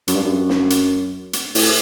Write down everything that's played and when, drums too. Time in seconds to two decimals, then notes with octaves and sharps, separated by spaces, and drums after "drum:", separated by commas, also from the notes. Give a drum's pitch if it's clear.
0.08 F#2, drum: hi-hat
0.15 G2
0.23 F#2
0.49 drum: snare
0.70 drum: hi-hat
1.33 drum: hi-hat
1.55 A2, drum: open hi-hat